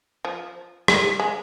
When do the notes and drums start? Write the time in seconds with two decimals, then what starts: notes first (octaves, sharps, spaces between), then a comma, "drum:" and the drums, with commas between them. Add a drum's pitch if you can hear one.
0.25 F3
0.88 G3, drum: rim click
1.20 G#3